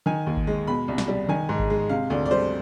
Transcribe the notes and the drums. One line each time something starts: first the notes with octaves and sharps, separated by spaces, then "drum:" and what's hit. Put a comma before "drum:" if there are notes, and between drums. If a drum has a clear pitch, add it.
D#3 G#5
D#2
drum: kick G#1
G#3
B2 B5
C2
drum: snare
G3
D#3 G#5
G#2
drum: kick G#1
G#3
C3 F5
D2 D5
D5
G3 C5